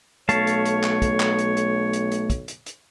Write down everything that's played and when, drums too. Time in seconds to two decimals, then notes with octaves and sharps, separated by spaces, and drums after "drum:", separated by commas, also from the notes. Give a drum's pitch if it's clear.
0.29 B1 A3 C#5 F5 A5, drum: hi-hat
0.47 drum: hi-hat
0.65 drum: hi-hat
0.84 drum: clap
1.02 drum: kick, hi-hat
1.20 drum: clap
1.38 drum: hi-hat
1.57 drum: hi-hat
1.93 drum: hi-hat
2.11 drum: hi-hat
2.30 drum: kick, hi-hat
2.48 drum: hi-hat
2.66 drum: hi-hat